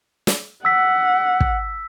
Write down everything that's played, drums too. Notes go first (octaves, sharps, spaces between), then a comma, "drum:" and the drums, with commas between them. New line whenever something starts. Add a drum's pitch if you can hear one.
drum: snare
F#5 E6 B6
drum: kick